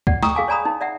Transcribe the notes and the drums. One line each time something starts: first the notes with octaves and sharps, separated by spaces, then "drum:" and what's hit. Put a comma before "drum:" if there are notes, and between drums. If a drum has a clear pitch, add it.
D5 F#5, drum: kick
G5 A#5 C#6 D#6 E6, drum: snare
G#4 F5 G#5 D6
C#5 D5 G#5 A#5 B5 D#6
D#4
D5 E5 F#5